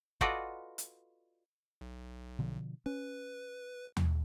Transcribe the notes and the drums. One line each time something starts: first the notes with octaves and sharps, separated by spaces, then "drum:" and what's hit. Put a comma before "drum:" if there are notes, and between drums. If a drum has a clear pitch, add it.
F4 F#4 A4 B4 D5 D#5, drum: kick
drum: hi-hat
B1
B2 D3 F3
C#4 B4
drum: tom